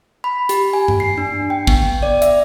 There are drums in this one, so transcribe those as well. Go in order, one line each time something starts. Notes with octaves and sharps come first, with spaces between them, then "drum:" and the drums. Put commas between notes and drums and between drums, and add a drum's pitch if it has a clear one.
B5
G4, drum: hi-hat
G#5
drum: tom G2
C7
D4
G5
B3, drum: kick
D5
E5, drum: hi-hat